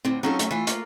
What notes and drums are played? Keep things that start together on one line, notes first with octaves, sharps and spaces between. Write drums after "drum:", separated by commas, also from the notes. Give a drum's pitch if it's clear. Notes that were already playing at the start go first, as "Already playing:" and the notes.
D2 A2 D3 C4
F#3 C4 C#4 D#4 F4 A4
A3, drum: hi-hat
E3 A3 F4
A#3, drum: hi-hat